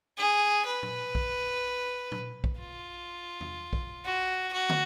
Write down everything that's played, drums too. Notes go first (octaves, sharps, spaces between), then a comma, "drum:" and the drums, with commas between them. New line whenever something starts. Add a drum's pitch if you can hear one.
G#4
B4
drum: tom A#2
drum: kick B1
drum: tom A#2
drum: kick B1
F4
drum: tom E2
drum: kick B1
F#4
F#4
drum: tom